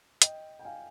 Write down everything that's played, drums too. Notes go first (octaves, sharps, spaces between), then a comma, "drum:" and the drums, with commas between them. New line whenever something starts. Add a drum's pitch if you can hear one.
D#5 G5, drum: hi-hat
G5
F5 G#5